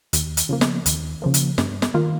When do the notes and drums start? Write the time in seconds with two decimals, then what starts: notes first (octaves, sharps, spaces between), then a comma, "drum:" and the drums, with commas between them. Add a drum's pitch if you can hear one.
0.13 D#2, drum: hi-hat
0.37 drum: hi-hat
0.49 C#3 F3 A#3
0.61 drum: snare
0.86 D#2, drum: hi-hat
1.22 C#3 F3 A#3
1.34 drum: hi-hat
1.58 G2, drum: snare
1.82 drum: snare
1.94 D#3 A#3 F4